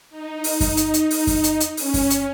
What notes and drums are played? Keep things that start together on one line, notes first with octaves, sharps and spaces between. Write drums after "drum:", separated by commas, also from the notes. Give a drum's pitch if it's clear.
D#4
drum: open hi-hat
drum: kick F#2, open hi-hat
drum: hi-hat
drum: hi-hat
drum: open hi-hat
drum: kick F#2, open hi-hat
drum: hi-hat
drum: hi-hat
C#4, drum: open hi-hat
drum: kick F#2, open hi-hat
drum: hi-hat